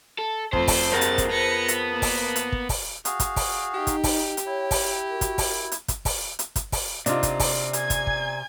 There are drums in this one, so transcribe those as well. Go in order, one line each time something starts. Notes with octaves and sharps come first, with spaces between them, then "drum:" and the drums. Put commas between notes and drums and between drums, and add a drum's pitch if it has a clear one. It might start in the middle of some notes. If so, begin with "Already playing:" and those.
A4
F2 A3 C4 C5, drum: kick
drum: kick, open hi-hat
G2 C3 G#4 A#4 C5 F#5 A6
drum: hi-hat
drum: kick, hi-hat
B3 A#6 C#7
drum: hi-hat
A#3
drum: kick, open hi-hat
drum: hi-hat
drum: kick
drum: kick, open hi-hat
F#4 G#4 F5, drum: hi-hat
drum: kick, hi-hat
drum: kick, open hi-hat
D#4 G4
drum: kick, hi-hat
drum: kick, open hi-hat
drum: hi-hat
E4 C#5 G5
drum: kick, open hi-hat
F#4 A#4
drum: kick, hi-hat
drum: kick, open hi-hat
drum: hi-hat
drum: kick, hi-hat
drum: kick, open hi-hat
drum: hi-hat
drum: kick, hi-hat
drum: kick, open hi-hat
C3 D4 D#4 F4 D5 A#5, drum: hi-hat
drum: kick, hi-hat
drum: kick, open hi-hat
G#5 G#6, drum: hi-hat
drum: kick, hi-hat
drum: kick